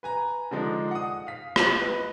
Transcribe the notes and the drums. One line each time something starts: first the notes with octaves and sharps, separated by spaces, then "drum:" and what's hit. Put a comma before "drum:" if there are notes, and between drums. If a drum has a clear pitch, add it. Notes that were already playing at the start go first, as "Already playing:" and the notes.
B4 G#5 A#5
D3 F3 G#3 D4 D#4
F#5 D#6
F5 B6
drum: rim click
B4 D#5